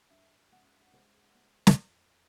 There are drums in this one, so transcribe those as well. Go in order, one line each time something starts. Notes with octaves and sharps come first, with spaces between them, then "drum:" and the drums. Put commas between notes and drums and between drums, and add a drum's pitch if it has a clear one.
G2 E5
G#3 F#5
G#3 C5
G#3
drum: snare
F2